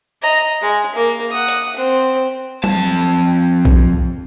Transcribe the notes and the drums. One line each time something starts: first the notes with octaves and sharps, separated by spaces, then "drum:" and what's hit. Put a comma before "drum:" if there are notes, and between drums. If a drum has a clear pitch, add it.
D#5 A#5
G#3
A#3
F#5 D#6
drum: hi-hat
C4
F2 A5, drum: tom F#3
drum: kick B1